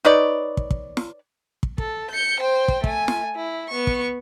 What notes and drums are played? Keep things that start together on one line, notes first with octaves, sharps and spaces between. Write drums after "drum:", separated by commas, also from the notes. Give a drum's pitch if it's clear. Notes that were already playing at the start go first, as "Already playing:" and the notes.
D#4 B4 C#5 D5
drum: kick
drum: kick
drum: snare
drum: kick
A4, drum: kick
G6 C#7
C5 G5
drum: kick
A3 G#5, drum: kick
drum: snare
E4
B3 C#6
drum: kick